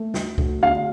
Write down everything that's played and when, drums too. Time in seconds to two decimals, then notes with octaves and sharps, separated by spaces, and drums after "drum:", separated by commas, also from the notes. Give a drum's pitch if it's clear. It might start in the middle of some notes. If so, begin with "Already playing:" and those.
Already playing: A3
0.14 D2, drum: snare
0.38 D2, drum: kick C#2
0.63 D3 F5